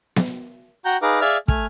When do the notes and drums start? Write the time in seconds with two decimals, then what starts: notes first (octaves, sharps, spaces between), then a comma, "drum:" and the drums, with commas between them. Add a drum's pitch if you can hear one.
0.16 drum: snare B3
0.85 F#4 F#5 G5 A#5 G6
1.02 D#4 G#4 B4 F5 A#5 D6
1.21 G#4 D5 E5 F5 G#5 F6
1.48 A3 G#5 F6, drum: kick